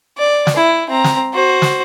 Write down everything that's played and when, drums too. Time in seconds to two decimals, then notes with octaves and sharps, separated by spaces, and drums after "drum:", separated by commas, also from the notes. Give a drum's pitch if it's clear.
0.18 D5
0.47 drum: snare
0.56 E4
0.90 C4 A#5
1.04 drum: snare
1.34 F#4 C5
1.62 drum: snare